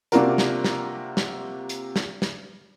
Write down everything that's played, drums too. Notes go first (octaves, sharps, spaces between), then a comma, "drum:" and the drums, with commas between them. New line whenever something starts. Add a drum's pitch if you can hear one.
C3 A#3 D4 F4 F#4 A#4, drum: hi-hat
drum: snare
drum: snare
drum: snare
drum: hi-hat
drum: snare
drum: snare